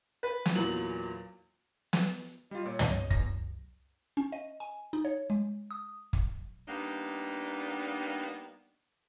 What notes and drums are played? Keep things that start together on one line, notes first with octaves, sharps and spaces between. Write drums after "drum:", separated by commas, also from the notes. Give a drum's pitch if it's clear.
B4
drum: snare
E2 A#2 E3 F#3 F#7
drum: snare
G3 F4 D#5
A#2 C#5
D#5, drum: tom
E2 A#6, drum: kick
C#4
D#5
G#5
D#4
C#5
G#3
D#6
drum: kick
G3 A#3 B3 D4 D#4